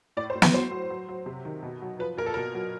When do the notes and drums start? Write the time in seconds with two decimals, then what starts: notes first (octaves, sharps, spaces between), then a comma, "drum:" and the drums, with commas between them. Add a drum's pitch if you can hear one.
0.17 A2 D5
0.30 C5
0.35 A2
0.42 B4, drum: snare
0.54 F#3 C5
0.71 F#3
0.90 F#3
1.08 F#3
1.26 C3
1.45 D#3
1.63 B2
1.82 F#3
1.99 F3 B4
2.17 A#2 A#4
2.26 A4
2.34 B2 A#4
2.55 F#3